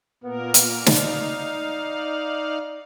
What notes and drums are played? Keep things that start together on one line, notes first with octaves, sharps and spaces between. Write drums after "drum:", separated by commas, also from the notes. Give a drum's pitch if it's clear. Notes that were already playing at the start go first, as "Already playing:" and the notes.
A#2 A#3 B3 A#4
drum: hi-hat
D#4 D5 F5, drum: snare